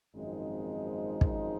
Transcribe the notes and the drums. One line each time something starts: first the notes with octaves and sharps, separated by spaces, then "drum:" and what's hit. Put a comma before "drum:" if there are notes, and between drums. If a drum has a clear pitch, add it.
G#1 F#2 F3 G#3 C4 D#4
D#4, drum: kick